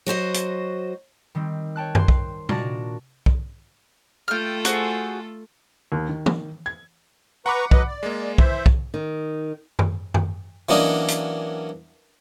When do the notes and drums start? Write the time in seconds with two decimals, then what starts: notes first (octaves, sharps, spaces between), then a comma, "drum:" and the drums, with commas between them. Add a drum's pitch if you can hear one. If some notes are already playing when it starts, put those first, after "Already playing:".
0.06 F#3 F#4 C5 D#5
0.34 drum: hi-hat
1.35 D#3 G3 C4
1.76 C#5 G5 A5 F#6
1.95 C5 C6, drum: tom F#2
2.08 drum: kick
2.49 A#2 D4 F#4 D5 A5 A#5, drum: tom
3.26 drum: kick
4.28 A3 F4 A4 G5 F6
4.65 F#4 G#4 C5, drum: hi-hat
5.92 D#2
6.09 D#3
6.26 drum: tom
6.66 G#6
7.46 B4 F#5 A#5 B5 C#6 D6
7.71 F#3 B4 D#5, drum: kick
7.87 D5
8.03 G#3 A#3
8.38 E3 C5 E5, drum: kick
8.66 drum: kick
8.94 D#3
9.79 drum: tom F#2
10.14 drum: tom F#2
10.69 E3 F#3 A#3 C#4 D4 D#5
11.08 drum: hi-hat